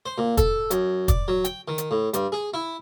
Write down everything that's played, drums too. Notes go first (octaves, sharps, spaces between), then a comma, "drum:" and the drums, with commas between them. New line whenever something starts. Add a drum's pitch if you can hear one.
C5
A#2
A4, drum: kick, hi-hat
F#2, drum: hi-hat
D5, drum: kick, hi-hat
F#3
G5, drum: hi-hat
D#3
drum: hi-hat
A2
G2, drum: hi-hat
G#4
E4